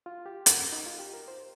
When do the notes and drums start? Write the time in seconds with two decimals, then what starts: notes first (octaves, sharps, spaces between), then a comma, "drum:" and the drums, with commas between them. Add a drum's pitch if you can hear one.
0.06 F4
0.26 G4
0.46 A#4, drum: hi-hat
0.72 D#4
0.86 F4
0.99 G4
1.13 A#4
1.28 C5